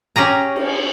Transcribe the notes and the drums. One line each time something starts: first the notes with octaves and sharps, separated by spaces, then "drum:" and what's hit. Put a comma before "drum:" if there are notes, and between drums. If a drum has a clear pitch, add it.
C#4 G4 G#4 A#5
drum: cymbal